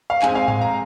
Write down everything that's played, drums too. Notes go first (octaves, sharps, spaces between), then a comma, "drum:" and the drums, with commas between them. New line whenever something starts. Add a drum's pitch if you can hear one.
F5
G#2 G#3 C4 G#5, drum: clap
F5
F5, drum: tom G#2
A#5